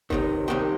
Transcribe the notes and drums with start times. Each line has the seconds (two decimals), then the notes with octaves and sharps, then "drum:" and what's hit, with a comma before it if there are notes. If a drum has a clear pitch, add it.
0.10 C#2 C3 D#3, drum: kick F#1
0.48 C2 C3 D#3 G4